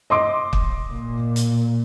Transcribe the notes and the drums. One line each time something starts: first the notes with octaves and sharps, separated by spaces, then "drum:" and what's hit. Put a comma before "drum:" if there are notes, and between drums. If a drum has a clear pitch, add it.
D#5 C6 D6
drum: kick
A#2
drum: hi-hat